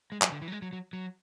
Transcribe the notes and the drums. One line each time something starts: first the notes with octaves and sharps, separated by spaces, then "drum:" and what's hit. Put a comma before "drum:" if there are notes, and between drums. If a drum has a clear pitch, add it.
G#3
F#3, drum: clap
D3
E3
F#3
G#3
F#3
F#3
F#3